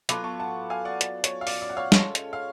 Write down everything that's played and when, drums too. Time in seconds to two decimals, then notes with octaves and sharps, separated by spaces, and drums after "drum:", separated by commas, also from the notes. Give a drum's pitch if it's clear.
0.09 F#3 B3 F4 A4 B5 D6, drum: hi-hat
0.24 A5 C#6
0.40 F#5 A5
0.70 F5 G#5
0.85 D5 F#5
1.01 D5, drum: hi-hat
1.24 C#5, drum: hi-hat
1.41 F5
1.47 D5, drum: open hi-hat
1.62 D5
1.69 F#5
1.77 C#5 F5
1.92 G#3 C#4 F4 A4 C#5, drum: snare
2.15 drum: hi-hat
2.33 F5